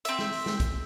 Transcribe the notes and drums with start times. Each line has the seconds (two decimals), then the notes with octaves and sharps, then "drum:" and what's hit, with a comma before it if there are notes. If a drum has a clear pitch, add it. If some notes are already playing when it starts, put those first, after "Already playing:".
0.05 C4 E5, drum: hi-hat
0.19 drum: snare
0.32 drum: open hi-hat
0.46 drum: snare
0.60 drum: kick B1, hi-hat